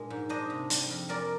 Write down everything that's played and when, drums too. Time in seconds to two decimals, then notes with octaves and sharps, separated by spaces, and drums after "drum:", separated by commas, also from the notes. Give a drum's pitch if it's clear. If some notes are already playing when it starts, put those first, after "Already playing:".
Already playing: A#2 G#3 D4
0.10 G#2
0.29 D4 C5 D#5
0.50 C3
0.70 G3, drum: hi-hat
0.90 F2
1.09 G#3 A#4 D5